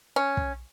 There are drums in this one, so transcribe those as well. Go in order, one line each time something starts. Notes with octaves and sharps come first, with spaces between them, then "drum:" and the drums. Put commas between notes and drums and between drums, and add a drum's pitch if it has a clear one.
C#4
drum: kick